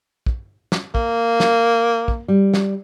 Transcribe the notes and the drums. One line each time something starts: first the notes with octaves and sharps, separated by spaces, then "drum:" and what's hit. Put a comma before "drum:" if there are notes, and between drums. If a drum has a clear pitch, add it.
drum: kick
drum: snare
A#3, drum: kick
drum: snare
drum: kick
G3
drum: snare